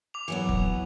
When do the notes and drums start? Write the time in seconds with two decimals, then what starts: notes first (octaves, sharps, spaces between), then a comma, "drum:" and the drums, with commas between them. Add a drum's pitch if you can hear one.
0.14 D6 F7
0.28 E3 F#3 B3
0.49 drum: kick